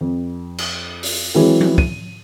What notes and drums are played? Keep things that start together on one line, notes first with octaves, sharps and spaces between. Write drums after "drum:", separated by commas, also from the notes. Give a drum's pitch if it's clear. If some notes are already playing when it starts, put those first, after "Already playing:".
F2
drum: cymbal
drum: open hi-hat
E3 F#3 G#3 C4 E4 G#4
drum: tom F3
D#7, drum: kick